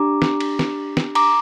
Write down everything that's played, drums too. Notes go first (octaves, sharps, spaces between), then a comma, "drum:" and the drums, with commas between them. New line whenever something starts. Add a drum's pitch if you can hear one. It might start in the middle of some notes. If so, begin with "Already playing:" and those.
Already playing: D4 G4 A#5 D6
drum: snare
drum: cymbal
drum: snare
drum: snare
A#5 D6, drum: cymbal